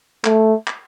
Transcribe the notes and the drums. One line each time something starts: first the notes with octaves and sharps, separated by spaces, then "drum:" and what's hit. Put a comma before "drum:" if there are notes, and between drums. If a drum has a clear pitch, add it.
A3, drum: clap
drum: clap